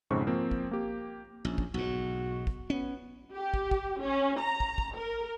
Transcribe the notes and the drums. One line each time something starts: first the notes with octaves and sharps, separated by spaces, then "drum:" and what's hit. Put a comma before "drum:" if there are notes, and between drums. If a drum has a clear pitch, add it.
B1 F2 G#2 C#3 C4 C#6
F3 A#3 C4
drum: kick
A#3 G4
A#1 C#4
drum: kick
B1 G#2 F#4
drum: kick
B3 C#4
G4
drum: kick
drum: kick
C#4
A#5
drum: kick
drum: kick
A#4